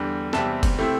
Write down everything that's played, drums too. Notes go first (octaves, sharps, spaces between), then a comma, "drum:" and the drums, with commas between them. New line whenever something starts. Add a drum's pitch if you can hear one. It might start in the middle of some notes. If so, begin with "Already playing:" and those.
Already playing: E2 D3 G3
E2 C3 G3 C4 E5 A5, drum: snare
drum: kick, cymbal
C3 A3 C4 E4